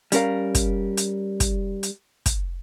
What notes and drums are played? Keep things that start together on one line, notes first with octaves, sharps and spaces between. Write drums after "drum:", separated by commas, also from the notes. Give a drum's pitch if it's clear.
G3 C#4 A#4 F5, drum: hi-hat
drum: kick, hi-hat
drum: hi-hat
drum: kick, hi-hat
drum: hi-hat
drum: kick, hi-hat